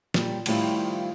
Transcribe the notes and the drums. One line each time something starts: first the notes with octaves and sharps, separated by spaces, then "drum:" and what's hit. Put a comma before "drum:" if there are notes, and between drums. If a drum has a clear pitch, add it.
A#2 G3, drum: snare
A2 D#3 F3 G3 E4 F4, drum: cymbal